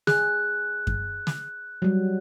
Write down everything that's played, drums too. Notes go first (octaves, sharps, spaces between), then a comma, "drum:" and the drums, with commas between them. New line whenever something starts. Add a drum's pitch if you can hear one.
G#4 F#6, drum: snare
drum: kick F#2
drum: snare
F#3 G3